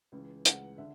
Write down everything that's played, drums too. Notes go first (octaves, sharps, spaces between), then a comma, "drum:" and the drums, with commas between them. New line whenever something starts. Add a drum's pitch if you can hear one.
C#2 C#3 E3
C#2 C#3 E3 F#5, drum: hi-hat
D3 E5